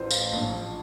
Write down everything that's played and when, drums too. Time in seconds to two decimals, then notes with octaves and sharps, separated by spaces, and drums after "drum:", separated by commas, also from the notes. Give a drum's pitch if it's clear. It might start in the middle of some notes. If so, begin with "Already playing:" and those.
Already playing: A1 A2 E3 F4 C5
0.11 F5, drum: tambourine
0.33 A#1 A#2 F3